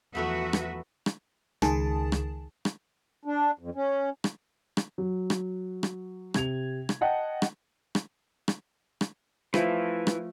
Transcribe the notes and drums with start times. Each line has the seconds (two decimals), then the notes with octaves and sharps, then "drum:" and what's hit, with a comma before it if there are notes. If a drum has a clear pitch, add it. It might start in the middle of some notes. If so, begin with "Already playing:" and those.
0.15 E2 F3 F#3 A3 B3 F#4 B4 E5
0.53 drum: rim click
1.06 drum: rim click
1.62 C#2 D#3 G#4 A5, drum: rim click
2.12 drum: rim click
2.65 drum: rim click
3.25 D4
3.59 F2
3.75 C#4
4.24 drum: rim click
4.77 drum: rim click
4.98 F#3
5.30 drum: rim click
5.83 drum: rim click
6.34 C3 G#6 F7, drum: rim click
6.89 drum: rim click
7.01 D#5 F#5 G5 A5
7.42 drum: rim click
7.95 drum: rim click
8.48 drum: rim click
9.01 drum: rim click
9.54 F3 A3 E4 B4, drum: rim click
10.07 drum: rim click